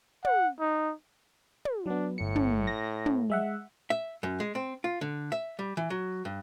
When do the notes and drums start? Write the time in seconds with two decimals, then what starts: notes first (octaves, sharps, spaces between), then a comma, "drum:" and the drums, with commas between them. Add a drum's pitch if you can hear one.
0.25 F#5, drum: tom
0.60 D#4
1.65 drum: tom
1.86 F#3 B3 D4
2.18 G1 A2 C#7
2.35 drum: tom
2.67 A#6
3.06 drum: tom
3.30 G#3 E5 F#5
3.90 E5
4.23 F#2
4.40 G#3
4.55 C4
4.84 F4
5.01 D3
5.32 E5
5.59 G3
5.77 E3
5.90 F#3
6.25 G2